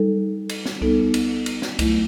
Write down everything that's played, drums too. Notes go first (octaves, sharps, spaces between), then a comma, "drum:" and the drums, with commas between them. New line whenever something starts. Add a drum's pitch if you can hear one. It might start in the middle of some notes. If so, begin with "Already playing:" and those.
Already playing: G3 D#4 A4
drum: cymbal
drum: snare
G3 B3 D#4 A4, drum: kick C2
drum: cymbal
drum: cymbal
drum: snare
F#3 A3 E4, drum: kick C2, cymbal